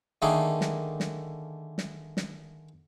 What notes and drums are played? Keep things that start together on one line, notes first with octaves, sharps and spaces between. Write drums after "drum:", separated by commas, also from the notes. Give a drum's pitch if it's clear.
D3 D#3 A3 A#3 G#4
drum: snare
drum: snare
drum: snare
drum: snare